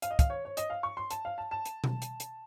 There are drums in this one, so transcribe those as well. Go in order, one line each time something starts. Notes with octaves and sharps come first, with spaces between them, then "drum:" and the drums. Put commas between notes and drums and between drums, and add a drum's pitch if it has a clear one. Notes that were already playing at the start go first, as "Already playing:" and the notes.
F5, drum: hi-hat
D#5
F5, drum: kick, hi-hat
C#5
C#5
D#5, drum: hi-hat
F5
C#6
C6
A5, drum: hi-hat
F5
A5
A5
drum: hi-hat
drum: tom B2
drum: hi-hat
drum: hi-hat